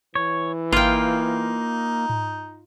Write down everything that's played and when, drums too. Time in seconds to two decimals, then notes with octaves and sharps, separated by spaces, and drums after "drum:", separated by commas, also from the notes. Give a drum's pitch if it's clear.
0.15 E3 C#5
0.72 A#3 D#4 F4 G5, drum: kick G#1
2.10 drum: tom G#2